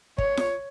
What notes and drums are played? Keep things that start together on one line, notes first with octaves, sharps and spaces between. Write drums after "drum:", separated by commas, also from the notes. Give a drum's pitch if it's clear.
C#5, drum: kick
drum: snare F4